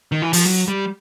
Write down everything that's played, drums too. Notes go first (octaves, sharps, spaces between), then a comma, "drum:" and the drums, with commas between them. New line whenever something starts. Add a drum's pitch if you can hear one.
D#3
E3
F3, drum: open hi-hat
F#3
G3